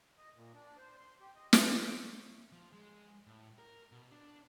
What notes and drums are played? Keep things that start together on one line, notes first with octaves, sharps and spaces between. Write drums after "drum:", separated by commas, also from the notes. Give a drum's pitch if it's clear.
D#5
A#2
D4
C5
C6
G4
D#5
F4, drum: snare
F#5
C5
C#6
F3
G#3
A2
A#4
B2
D4